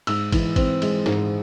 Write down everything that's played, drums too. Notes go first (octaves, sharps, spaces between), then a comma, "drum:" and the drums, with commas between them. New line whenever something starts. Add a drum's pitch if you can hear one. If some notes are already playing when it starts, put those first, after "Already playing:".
G#2 E6, drum: cymbal
E3, drum: kick, cymbal
C4, drum: kick, cymbal
G#3, drum: cymbal
G#2, drum: snare